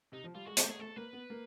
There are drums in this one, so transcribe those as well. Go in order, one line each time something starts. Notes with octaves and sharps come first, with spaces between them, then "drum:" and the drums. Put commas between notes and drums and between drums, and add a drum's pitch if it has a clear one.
C3 D#4
F3
G3 F4
G#3 F#4
G4, drum: hi-hat
A3
G#4
A3 A4
A#3 B4
B3
A#3